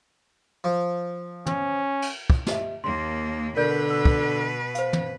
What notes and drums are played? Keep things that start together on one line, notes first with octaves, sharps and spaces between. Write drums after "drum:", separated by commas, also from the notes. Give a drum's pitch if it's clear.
F3
C#4, drum: tom
drum: cymbal
drum: kick
G4 D#5 E5, drum: snare
D#2 A#3 C6
B2 D3 A#4 B4 D5 G6
E6
drum: kick
C5 F5, drum: hi-hat
drum: tom